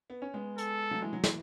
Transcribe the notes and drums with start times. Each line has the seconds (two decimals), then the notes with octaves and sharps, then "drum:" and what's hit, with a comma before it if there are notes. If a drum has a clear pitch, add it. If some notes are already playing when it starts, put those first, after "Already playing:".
0.10 B3
0.22 C#4
0.34 G#3 B3
0.58 A4, drum: hi-hat
0.91 F#3 A3
1.02 E3 G#3
1.13 F#3
1.24 E3, drum: snare